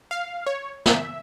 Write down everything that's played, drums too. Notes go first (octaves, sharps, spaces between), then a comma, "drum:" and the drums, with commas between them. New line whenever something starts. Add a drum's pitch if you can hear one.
F5
C#5
E5, drum: snare